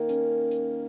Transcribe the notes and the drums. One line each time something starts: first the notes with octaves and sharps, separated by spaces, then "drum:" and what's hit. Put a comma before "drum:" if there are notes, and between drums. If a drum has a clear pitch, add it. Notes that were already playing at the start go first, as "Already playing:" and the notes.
Already playing: D#3 A#3
C#4, drum: hi-hat
drum: hi-hat